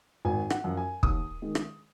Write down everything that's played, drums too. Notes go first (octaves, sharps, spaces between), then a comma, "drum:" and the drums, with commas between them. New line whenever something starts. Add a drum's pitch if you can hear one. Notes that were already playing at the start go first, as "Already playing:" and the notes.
G#1 G#5
F#5, drum: rim click
F#2 F3
G#5
D#2 D#6, drum: kick
D#3 G#3
drum: rim click